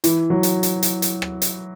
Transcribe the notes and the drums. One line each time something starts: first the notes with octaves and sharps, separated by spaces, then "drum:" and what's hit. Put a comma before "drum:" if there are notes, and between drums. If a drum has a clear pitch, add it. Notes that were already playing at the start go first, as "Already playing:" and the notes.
E3, drum: hi-hat
F#3
drum: hi-hat
drum: hi-hat
drum: hi-hat
drum: hi-hat
drum: rim click
drum: hi-hat